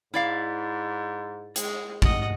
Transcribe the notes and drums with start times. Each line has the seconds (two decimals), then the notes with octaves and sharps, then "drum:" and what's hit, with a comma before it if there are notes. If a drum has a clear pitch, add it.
0.14 G#2 E4 D5 F5
1.56 G#3, drum: hi-hat
2.02 D#5 F#5, drum: kick